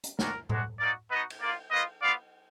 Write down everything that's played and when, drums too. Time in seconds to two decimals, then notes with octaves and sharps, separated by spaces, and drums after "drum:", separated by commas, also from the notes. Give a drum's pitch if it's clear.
0.04 drum: hi-hat
0.19 G#3 D4 F#4 A#4, drum: snare
0.50 G#3 D4 F#4, drum: tom A2
0.80 A#3 D#4 F#4 A#4 D5
1.10 B3 D#4 F#4 B4 D#5
1.30 drum: cymbal
1.40 A#3 F4 A#4 D5
1.71 A#3 F4 B4 D#5
2.02 B3 F4 D5 F5